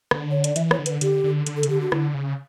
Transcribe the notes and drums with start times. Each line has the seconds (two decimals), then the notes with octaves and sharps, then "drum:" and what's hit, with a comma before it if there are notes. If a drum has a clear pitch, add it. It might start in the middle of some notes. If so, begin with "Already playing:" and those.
0.11 D3, drum: rim click
0.31 C#5
0.44 D5, drum: hi-hat
0.56 E3 E5, drum: hi-hat
0.71 C#5, drum: rim click
0.79 D3
0.86 B4, drum: hi-hat
1.01 D3 G4, drum: hi-hat
1.24 D3
1.46 D3, drum: hi-hat
1.57 A4
1.63 C#3, drum: hi-hat
1.69 D3 G4
1.81 F#4
1.92 D3 E4, drum: rim click
2.15 C#3